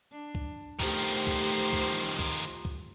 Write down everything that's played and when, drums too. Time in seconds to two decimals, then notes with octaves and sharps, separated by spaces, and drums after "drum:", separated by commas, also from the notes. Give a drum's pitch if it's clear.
0.12 D4
0.35 drum: kick
0.80 D#3 F3 A3 G4 C5, drum: kick
1.27 drum: kick
1.73 drum: kick
2.19 drum: kick
2.65 drum: kick